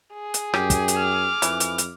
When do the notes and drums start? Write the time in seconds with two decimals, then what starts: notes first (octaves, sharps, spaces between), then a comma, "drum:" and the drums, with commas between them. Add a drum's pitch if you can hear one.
0.13 G#4
0.34 drum: hi-hat
0.54 F#2 G4, drum: rim click
0.70 drum: kick, hi-hat
0.88 drum: hi-hat
0.97 D6 F6
1.42 F2 E3, drum: hi-hat
1.60 drum: hi-hat
1.78 drum: hi-hat